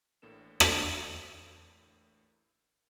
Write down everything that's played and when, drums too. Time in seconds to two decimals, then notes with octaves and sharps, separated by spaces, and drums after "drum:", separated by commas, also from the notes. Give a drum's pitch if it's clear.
0.22 A1 A2 A#3 D4 A4 E7
0.60 drum: rim click